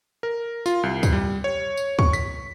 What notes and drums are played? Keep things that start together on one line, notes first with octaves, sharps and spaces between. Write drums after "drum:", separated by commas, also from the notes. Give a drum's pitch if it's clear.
A#4
F4, drum: tambourine
C2
drum: kick, tambourine
G3
C#5
drum: tambourine
C#6, drum: kick
B6, drum: tambourine